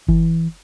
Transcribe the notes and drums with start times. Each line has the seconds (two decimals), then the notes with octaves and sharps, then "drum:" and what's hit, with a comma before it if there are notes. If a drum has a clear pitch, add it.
0.09 E3, drum: kick F#1